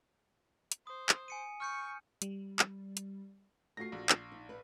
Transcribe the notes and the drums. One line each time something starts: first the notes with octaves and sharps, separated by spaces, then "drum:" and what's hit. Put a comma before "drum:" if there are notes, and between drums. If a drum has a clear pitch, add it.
drum: hi-hat
C5 D#6
drum: clap
G#5 C#7 D#7
C#6 F6 G6 C#7
G3, drum: hi-hat
drum: clap
drum: hi-hat
A3 F4 F#4 A#6 C7
A#1
drum: clap
D#4
B4